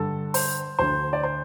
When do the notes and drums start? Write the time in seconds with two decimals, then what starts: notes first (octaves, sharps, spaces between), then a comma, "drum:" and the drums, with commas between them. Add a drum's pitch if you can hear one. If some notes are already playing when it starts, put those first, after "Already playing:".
Already playing: G2 D3 A4
0.34 C5, drum: open hi-hat
0.79 D2 D3 C5
1.13 D5
1.23 C5